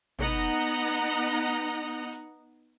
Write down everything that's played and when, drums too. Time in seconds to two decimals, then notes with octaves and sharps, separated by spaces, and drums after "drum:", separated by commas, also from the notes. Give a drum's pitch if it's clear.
0.19 B3 D#4 D#5 F#5 A#5, drum: tom
2.11 drum: hi-hat